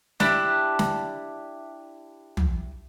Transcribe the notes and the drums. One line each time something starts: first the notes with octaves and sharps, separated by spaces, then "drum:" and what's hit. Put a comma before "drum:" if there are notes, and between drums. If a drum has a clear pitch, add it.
D4 E4 G4, drum: snare
drum: snare
drum: tom